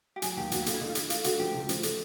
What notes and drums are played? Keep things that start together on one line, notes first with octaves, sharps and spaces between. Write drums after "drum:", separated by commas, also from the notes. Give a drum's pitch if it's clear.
G4
F#3 G#4, drum: hi-hat
D#2 G4
D#2 F#4, drum: hi-hat
E4
D3 F4, drum: hi-hat
E4
D3 D#4
F4
A3 E4, drum: hi-hat
A3 F4, drum: hi-hat
D3 F#4, drum: hi-hat
F3 G4
C#2
F3, drum: hi-hat
A3, drum: hi-hat